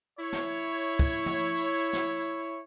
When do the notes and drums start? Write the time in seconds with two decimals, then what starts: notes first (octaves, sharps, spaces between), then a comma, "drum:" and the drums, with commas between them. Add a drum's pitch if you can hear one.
0.19 E4 C#5
0.33 drum: snare
0.99 drum: kick
1.26 drum: tom
1.93 drum: snare